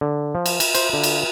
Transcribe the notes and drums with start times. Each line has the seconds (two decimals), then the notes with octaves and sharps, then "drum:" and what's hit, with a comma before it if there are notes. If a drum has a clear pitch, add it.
0.01 D3
0.35 F3
0.46 drum: cymbal
0.60 drum: cymbal
0.75 C5, drum: cymbal
0.93 D3
1.03 drum: cymbal